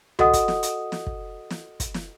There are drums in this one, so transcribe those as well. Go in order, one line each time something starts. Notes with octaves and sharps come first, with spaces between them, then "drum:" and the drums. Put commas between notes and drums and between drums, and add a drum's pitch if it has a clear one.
F#4 A4 D#5 F#5 D#6, drum: tom C#2
drum: kick, hi-hat
drum: snare
drum: hi-hat
drum: snare
drum: kick
drum: snare
drum: kick, hi-hat
drum: snare